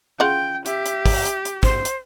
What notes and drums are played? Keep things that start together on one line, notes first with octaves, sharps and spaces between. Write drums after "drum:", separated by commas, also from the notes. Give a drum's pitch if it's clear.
C#3 F4 F#5 G5
G4 E5, drum: hi-hat
drum: hi-hat
drum: kick, open hi-hat
drum: hi-hat
drum: hi-hat
C5, drum: kick
drum: hi-hat